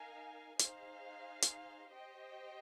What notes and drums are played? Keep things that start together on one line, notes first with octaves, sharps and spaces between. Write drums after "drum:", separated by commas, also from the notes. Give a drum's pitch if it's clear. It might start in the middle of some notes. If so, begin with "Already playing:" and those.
Already playing: D#4 A#4 F5 G#5
D#4 G#4 C5 F5, drum: hi-hat
drum: hi-hat
G4 C5 D#5 G5